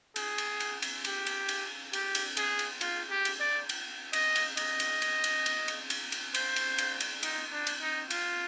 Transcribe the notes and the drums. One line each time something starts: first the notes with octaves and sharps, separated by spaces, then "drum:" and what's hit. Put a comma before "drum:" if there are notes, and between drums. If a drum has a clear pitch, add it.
G#4, drum: cymbal
drum: cymbal
drum: cymbal
drum: cymbal
G4, drum: cymbal
drum: cymbal
drum: cymbal
G4, drum: cymbal
drum: cymbal
G#4, drum: cymbal
drum: cymbal
F4, drum: cymbal
G4
drum: cymbal
D5
drum: cymbal
D#5, drum: cymbal
drum: cymbal
D#5, drum: cymbal
drum: cymbal
drum: cymbal
drum: cymbal
drum: cymbal
drum: cymbal
drum: cymbal
drum: cymbal
C5, drum: cymbal
drum: cymbal
drum: cymbal
drum: cymbal
D#4, drum: cymbal
D4
drum: cymbal
D#4
F4, drum: cymbal